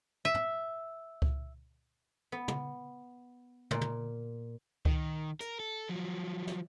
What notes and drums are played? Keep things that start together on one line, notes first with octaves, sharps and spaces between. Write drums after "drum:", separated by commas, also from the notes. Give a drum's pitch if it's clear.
E5
drum: tom
drum: kick C#2
B3
drum: tom
A#2, drum: tom
drum: tom
D#3, drum: kick C#2
A#4, drum: hi-hat
A4
F3 F#3
drum: snare